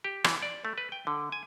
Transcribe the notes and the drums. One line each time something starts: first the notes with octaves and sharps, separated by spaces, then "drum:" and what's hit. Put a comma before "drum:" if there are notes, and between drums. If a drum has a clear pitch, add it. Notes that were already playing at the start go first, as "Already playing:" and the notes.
G4
E3, drum: rim click
D5
A3
B4
G5
D3
G#5